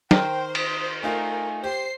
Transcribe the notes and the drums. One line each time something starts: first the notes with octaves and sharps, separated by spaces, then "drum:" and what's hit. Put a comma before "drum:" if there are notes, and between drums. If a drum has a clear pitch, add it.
D#3 A#4 C5 G5 F6, drum: snare
D#6, drum: cymbal
A3 D#4 F4 A#4 G#5
G4 C5 C7